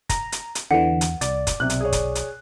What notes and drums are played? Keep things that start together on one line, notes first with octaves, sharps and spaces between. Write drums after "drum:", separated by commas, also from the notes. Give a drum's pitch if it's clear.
A#5, drum: kick, hi-hat
drum: hi-hat
drum: hi-hat
E2 D3 E3 F#5
drum: hi-hat
C2 D5, drum: hi-hat
drum: kick, hi-hat
B1 C3 F#6
drum: hi-hat
G#4 C#5
drum: kick, hi-hat
drum: hi-hat